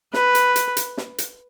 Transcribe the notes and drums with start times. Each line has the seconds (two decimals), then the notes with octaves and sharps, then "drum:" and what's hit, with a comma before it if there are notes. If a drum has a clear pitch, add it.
0.14 B4, drum: snare
0.35 drum: hi-hat
0.56 drum: hi-hat
0.77 drum: hi-hat
0.97 drum: snare
1.18 drum: hi-hat